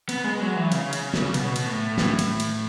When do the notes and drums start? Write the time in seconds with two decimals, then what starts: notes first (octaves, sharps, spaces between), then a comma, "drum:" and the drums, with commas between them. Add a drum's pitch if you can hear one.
0.09 B3, drum: cymbal
0.24 G#3
0.40 F#3
0.56 E3
0.72 C#3, drum: cymbal
0.93 drum: cymbal
1.14 drum: snare
1.34 B2, drum: cymbal
1.56 drum: cymbal
1.66 A2
1.98 drum: snare
2.19 drum: cymbal
2.40 drum: cymbal